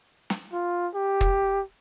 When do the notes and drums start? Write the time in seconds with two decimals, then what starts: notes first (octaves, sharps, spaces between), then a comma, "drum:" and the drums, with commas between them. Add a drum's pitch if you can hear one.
0.30 drum: snare
0.53 F4
0.95 G4
1.21 drum: kick